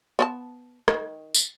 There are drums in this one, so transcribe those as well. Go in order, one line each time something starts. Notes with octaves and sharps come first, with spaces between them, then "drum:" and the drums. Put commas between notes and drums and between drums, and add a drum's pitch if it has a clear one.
B3 C#5 A5
D#3, drum: rim click
drum: tambourine